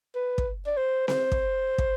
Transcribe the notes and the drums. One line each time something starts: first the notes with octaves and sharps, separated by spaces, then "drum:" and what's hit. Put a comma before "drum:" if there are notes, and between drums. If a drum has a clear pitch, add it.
B4
drum: kick
D5
C5
C5, drum: snare C4
drum: kick
drum: kick